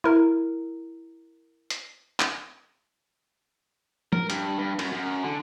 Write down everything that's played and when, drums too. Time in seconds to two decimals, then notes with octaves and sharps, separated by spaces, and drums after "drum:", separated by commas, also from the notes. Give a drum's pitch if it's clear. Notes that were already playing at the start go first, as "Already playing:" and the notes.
0.04 E4 A#4
1.70 drum: hi-hat
2.20 drum: clap
4.13 A#4, drum: tom F3
4.30 G2, drum: hi-hat
4.59 G2
4.79 F#2, drum: cymbal
4.92 F#2
5.23 D3